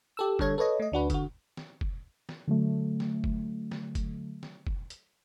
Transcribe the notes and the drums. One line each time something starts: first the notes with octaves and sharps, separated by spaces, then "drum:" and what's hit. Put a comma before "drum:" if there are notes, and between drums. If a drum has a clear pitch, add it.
G4 A4 E6
D3 G3 A4 C#5 G#6, drum: kick
A4 B4 C#5 D#5
A3 D#5
D2 D4 F#4 B4
D3 F#4, drum: kick, hi-hat
drum: snare
drum: kick
drum: snare
D3 F#3 A3
drum: snare
drum: kick
drum: snare
drum: kick, hi-hat
drum: snare
drum: kick
drum: hi-hat